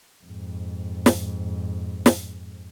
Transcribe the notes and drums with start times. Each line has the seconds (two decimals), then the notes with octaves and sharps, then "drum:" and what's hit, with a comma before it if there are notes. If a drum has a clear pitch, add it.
0.25 F2 G#2
1.06 drum: snare
2.06 drum: snare